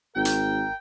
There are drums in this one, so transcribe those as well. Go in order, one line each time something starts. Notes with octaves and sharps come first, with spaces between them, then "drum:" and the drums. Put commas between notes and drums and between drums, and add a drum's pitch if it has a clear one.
G#1 A#4 G5
drum: hi-hat